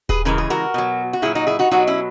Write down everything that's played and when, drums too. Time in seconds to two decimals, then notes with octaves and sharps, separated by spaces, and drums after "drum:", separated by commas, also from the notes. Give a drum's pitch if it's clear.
0.09 G#4 B4, drum: kick D#1
0.25 C#3 E3 G#3 A#4
0.38 G#4
0.50 F#4 A#4
0.74 B2 F#3
1.13 F#4
1.22 A#2 F#3 E4 G#4
1.35 D#4 F#4
1.47 E4 G#4
1.59 D#4 F#4
1.71 B2 F#3 D#4 F#4
1.87 C#4 E4